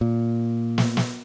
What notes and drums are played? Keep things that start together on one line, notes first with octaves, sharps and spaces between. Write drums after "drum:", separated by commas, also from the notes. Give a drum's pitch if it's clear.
A#2
drum: snare
drum: snare